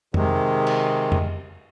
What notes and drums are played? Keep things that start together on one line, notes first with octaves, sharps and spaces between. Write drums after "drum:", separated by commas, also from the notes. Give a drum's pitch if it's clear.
C3 D#3 G#3, drum: tom F2
drum: cymbal
drum: tom F2